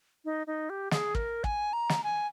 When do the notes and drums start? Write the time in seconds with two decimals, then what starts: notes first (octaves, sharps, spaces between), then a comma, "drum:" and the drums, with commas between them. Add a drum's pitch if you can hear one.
0.25 D#4
0.47 D#4
0.70 G4
0.91 G#4, drum: snare
1.15 A#4, drum: kick
1.44 G#5, drum: kick
1.73 A#5
1.89 drum: snare
2.04 G#5